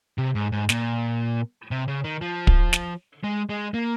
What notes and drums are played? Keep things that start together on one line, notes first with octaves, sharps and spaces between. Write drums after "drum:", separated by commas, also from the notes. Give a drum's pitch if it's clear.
C3
G#2
G#2
A#2, drum: snare
C3
C#3
D#3
F3
drum: kick
drum: snare
G#3
G#3
A#3